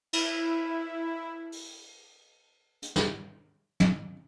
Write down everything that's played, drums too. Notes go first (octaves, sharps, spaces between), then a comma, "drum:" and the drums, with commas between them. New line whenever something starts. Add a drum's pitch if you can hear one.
E4, drum: cymbal
drum: open hi-hat
drum: hi-hat
drum: snare
drum: tom